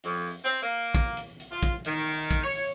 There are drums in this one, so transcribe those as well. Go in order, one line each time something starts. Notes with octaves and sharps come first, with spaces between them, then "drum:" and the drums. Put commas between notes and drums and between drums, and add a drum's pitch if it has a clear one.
F2, drum: hi-hat
drum: open hi-hat
C4
A#3
drum: kick, hi-hat
drum: hi-hat
drum: hi-hat
F4
drum: kick, hi-hat
D#3, drum: hi-hat
drum: open hi-hat
drum: kick, hi-hat
C#5
drum: open hi-hat